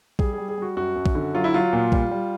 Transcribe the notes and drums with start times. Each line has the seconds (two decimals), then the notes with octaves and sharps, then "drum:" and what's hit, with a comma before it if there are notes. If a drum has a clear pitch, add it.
0.19 G3 G#4, drum: kick A#1
0.33 G3 G#4
0.49 G#4
0.57 G3 F#4
0.76 F#2 F#4
0.95 F#2
1.06 drum: kick A#1
1.15 D3
1.34 F#3 F4
1.44 E4
1.54 F#3 F4
1.73 A#2
1.92 G3, drum: kick A#1
2.11 G3